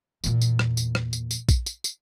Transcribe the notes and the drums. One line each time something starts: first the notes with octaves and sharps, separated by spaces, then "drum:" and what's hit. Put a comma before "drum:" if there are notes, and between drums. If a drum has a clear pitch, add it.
E2 A#2, drum: tambourine
drum: tambourine
drum: rim click
drum: tambourine
drum: rim click
drum: tambourine
drum: tambourine
drum: kick A#1, tambourine
drum: tambourine
drum: tambourine